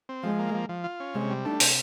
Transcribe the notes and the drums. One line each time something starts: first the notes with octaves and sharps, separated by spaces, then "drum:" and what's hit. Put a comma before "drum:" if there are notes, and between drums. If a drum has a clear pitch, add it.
C4
F3 G#3
A#3
F3
F3
F4
C#4
C3 G#3
G3
A3 D4
C3, drum: open hi-hat